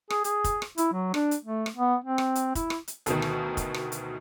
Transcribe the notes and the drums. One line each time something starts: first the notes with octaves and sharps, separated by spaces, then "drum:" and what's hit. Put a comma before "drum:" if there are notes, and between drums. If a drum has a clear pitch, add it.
G#4, drum: rim click
G#4, drum: hi-hat
drum: kick, hi-hat
drum: rim click
E4, drum: hi-hat
F#3
D4, drum: rim click
drum: hi-hat
A3
drum: rim click
B3
C4
drum: rim click
drum: hi-hat
E4, drum: kick, hi-hat
drum: rim click
drum: hi-hat
D2 B2 D#3, drum: hi-hat
drum: rim click
drum: kick, hi-hat
drum: rim click
drum: hi-hat